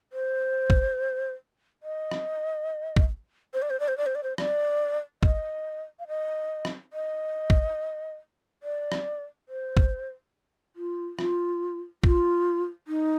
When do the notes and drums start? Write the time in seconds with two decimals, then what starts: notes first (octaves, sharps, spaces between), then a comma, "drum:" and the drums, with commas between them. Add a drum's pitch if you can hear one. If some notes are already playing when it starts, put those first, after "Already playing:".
0.13 C5
0.70 drum: kick
1.83 D#5
2.11 drum: rim click
2.96 drum: kick
3.54 C5
3.62 D5
3.70 C5
3.80 D5
3.88 C5
3.98 D5
4.06 C5
4.15 D5
4.23 C5
4.38 D5, drum: rim click
5.23 D#5, drum: kick
5.99 F5
6.08 D#5
6.65 drum: rim click
6.93 D#5
7.50 drum: kick
8.63 D5
8.92 drum: rim click
9.49 C5
9.77 drum: kick
10.76 F4
11.19 F4, drum: rim click
12.04 F4, drum: kick
12.88 D#4